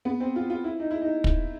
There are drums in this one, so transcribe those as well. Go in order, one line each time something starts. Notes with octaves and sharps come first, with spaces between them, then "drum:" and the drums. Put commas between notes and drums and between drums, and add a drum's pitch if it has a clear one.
B3
C4
F4
F4
E4
D#4
E4
D#4
drum: kick